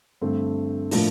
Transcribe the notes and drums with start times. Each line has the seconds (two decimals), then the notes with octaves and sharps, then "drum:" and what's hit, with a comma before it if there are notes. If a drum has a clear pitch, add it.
0.21 G2 D3 A3 C4
0.91 A2 F3 A#3 D4, drum: open hi-hat